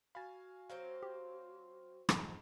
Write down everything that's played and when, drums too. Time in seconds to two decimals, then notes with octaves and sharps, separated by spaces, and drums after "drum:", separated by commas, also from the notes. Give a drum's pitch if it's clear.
0.15 F#4 F5 G#5 B5 A6
0.70 F#3 C4 C5 F5
1.03 G4
2.09 F2 G#2 E3 F#3 C4, drum: rim click